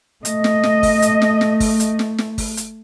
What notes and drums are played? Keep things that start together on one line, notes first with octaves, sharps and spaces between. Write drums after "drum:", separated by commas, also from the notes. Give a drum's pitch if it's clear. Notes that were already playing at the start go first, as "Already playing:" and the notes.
A3 D#5, drum: hi-hat
drum: snare
drum: snare
drum: kick, open hi-hat
drum: hi-hat
drum: snare
drum: snare
drum: kick, open hi-hat
drum: hi-hat
drum: snare
drum: snare
drum: kick, open hi-hat
drum: hi-hat